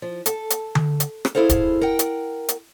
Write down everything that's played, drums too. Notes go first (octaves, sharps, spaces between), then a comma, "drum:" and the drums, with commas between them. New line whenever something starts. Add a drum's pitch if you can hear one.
F3
A4, drum: hi-hat
drum: hi-hat
drum: tom D3
drum: hi-hat
drum: rim click
E4 G#4 A4 C5 F5
drum: kick, hi-hat
A#4 F#5 G5
drum: hi-hat
drum: hi-hat